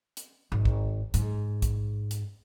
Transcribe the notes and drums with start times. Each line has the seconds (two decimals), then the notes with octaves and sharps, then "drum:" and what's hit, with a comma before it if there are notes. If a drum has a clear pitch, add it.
0.17 drum: hi-hat
0.52 G#1
0.65 drum: kick A#1
1.14 G#2, drum: hi-hat
1.62 drum: kick A#1, hi-hat
2.11 drum: hi-hat